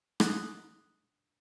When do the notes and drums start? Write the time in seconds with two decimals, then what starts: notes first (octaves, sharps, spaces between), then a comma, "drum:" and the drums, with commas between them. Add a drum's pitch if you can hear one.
0.20 D#6 F#6, drum: rim click